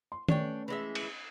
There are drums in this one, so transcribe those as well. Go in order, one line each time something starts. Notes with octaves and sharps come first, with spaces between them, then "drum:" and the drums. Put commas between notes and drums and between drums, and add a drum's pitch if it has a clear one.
C6
A3 B3 C#4 D4 C#5 G5, drum: tom
E3 G#3 E5
drum: cymbal